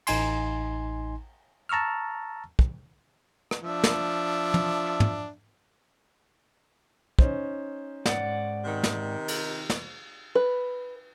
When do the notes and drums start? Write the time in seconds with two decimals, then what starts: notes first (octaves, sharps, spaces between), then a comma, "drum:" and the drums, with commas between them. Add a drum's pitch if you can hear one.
0.07 A1 D#4 G#5 C6, drum: cymbal
1.69 A5 A#5 C#6 E6 F6
2.59 drum: kick
3.51 drum: rim click
3.64 F3 D4 E5
3.84 drum: snare
4.54 drum: tom
5.00 drum: tom
7.19 C#4 D#4 C5, drum: kick
8.06 G#2 D5 F#5, drum: snare
8.65 C3 D#3
8.83 drum: snare
9.28 drum: cymbal
9.70 drum: snare
10.35 B4